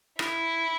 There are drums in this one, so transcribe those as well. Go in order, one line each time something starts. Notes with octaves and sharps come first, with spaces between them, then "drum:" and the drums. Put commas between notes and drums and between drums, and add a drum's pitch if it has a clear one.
E4, drum: rim click